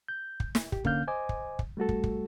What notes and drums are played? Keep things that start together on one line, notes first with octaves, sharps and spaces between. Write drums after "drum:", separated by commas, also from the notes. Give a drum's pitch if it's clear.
G6
drum: kick
drum: snare
G4, drum: kick
D3 A#3 C#4 F5 F6 G6, drum: kick
C5 D#5 G#5 D6
drum: kick
drum: kick
G3 A3 F#4 A4
drum: kick
drum: kick